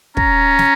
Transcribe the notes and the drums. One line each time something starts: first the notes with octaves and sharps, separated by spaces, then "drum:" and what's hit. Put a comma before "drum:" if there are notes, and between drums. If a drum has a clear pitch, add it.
C#4 A#5, drum: kick
drum: snare